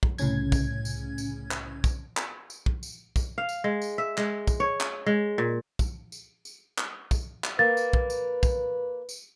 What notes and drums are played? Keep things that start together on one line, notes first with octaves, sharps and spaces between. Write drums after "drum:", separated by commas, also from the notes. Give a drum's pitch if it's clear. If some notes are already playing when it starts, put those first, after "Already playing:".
drum: kick
C2 A2 C#3 C#4 G#6, drum: tambourine
drum: kick, tambourine
drum: tambourine
drum: tambourine
drum: clap
drum: kick, tambourine
drum: clap
drum: tambourine
drum: kick
drum: tambourine
drum: kick, tambourine
F5
drum: tambourine
G#3
drum: tambourine
E5
G#3, drum: clap
drum: kick, tambourine
C#5
drum: clap
G#3
A#2
drum: kick, tambourine
drum: tambourine
drum: tambourine
drum: clap
drum: kick, tambourine
drum: clap
A#3 B4 A6
drum: tambourine
drum: kick
drum: tambourine
drum: kick, tambourine
drum: tambourine